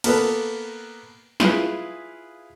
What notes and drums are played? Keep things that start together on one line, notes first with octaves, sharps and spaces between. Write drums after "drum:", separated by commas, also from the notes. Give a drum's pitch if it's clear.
A#3 B3 A4 B4, drum: cymbal
E4 F4 G#4 B4, drum: snare